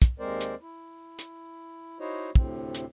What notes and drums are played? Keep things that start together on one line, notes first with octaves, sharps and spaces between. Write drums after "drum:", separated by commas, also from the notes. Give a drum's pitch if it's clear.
drum: kick, hi-hat
D#2 G#3 C4 A#4 C5 D5
drum: hi-hat
E4
drum: hi-hat
D#4 E4 F#4 C5 C#5 D#5
D2 A2 C3 C4, drum: kick
drum: hi-hat